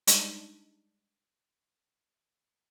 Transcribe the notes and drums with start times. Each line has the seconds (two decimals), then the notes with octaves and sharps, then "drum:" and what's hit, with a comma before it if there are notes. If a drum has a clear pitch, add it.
0.07 G3 G#3 D4 D#4, drum: hi-hat